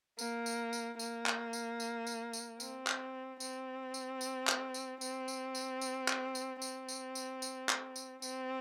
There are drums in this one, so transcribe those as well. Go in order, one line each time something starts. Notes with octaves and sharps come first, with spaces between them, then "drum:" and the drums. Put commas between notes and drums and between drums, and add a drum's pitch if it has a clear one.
A#3, drum: tambourine
drum: tambourine
drum: tambourine
A#3, drum: tambourine
drum: clap
drum: tambourine
drum: tambourine
drum: tambourine
drum: tambourine
C4, drum: tambourine
drum: clap
C4, drum: tambourine
drum: tambourine
drum: tambourine
drum: clap
drum: tambourine
C4, drum: tambourine
drum: tambourine
drum: tambourine
drum: tambourine
drum: clap
drum: tambourine
C4, drum: tambourine
drum: tambourine
drum: tambourine
drum: tambourine
drum: clap
drum: tambourine
C4, drum: tambourine